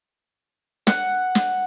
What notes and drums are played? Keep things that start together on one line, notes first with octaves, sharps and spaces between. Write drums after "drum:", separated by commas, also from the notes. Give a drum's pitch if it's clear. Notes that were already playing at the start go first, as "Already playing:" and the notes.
F#5, drum: snare
drum: snare